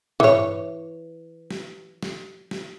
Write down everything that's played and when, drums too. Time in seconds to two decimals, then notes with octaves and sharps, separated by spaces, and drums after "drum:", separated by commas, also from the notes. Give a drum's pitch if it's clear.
0.20 E3 C#5, drum: tom
1.51 drum: snare
2.03 drum: snare
2.51 drum: snare